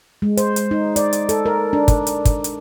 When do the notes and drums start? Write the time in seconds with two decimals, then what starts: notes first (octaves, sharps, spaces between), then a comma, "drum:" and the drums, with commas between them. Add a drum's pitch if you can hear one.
0.22 G#3
0.37 C5, drum: hi-hat
0.56 drum: hi-hat
0.71 D#4
0.96 D5, drum: hi-hat
1.13 drum: hi-hat
1.29 A4, drum: hi-hat
1.46 A#4
1.73 D4
1.88 drum: kick, hi-hat
2.07 drum: hi-hat
2.25 drum: kick, hi-hat
2.44 drum: hi-hat